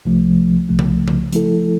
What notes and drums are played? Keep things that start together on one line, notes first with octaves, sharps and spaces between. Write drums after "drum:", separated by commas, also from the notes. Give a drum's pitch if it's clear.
C2 C3 F3 A3
C2 C3 F3 A3
drum: tom C#3
drum: tom C#3
F3 A3 E4 A4, drum: hi-hat